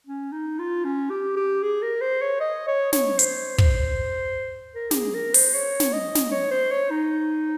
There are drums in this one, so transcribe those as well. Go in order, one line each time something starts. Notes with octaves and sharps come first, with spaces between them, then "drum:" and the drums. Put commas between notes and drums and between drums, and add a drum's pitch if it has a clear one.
C#4
D#4
F4
C#4
G4
G4
G#4
A#4
C5
C#5
D#5
C#5
C#5, drum: snare
C5, drum: hi-hat
C5, drum: kick
A#4
G4, drum: snare
G#4
A#4
C5, drum: open hi-hat
C#5
drum: snare
D#5
drum: snare
C#5
C5
C#5
D#4